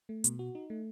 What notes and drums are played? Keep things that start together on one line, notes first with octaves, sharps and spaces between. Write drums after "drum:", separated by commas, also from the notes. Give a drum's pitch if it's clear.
A3
B2, drum: hi-hat
F#4
D#4
A3